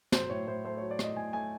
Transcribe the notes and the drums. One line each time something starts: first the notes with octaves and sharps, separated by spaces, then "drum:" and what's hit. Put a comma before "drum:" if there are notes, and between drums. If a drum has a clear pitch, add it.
F#3 C5, drum: snare
A2 C#5
A2 C5
A3 C5
F#3 C#5
D5
A2 D#5, drum: rim click
A2 G#5
A3 G#5